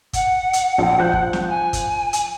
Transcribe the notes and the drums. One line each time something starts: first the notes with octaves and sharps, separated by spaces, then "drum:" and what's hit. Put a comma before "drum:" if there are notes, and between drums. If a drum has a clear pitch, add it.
F#5, drum: kick, hi-hat
drum: hi-hat
A#1 G5
F3 F#6 G6
drum: kick
drum: snare
G#5
drum: kick, hi-hat
drum: hi-hat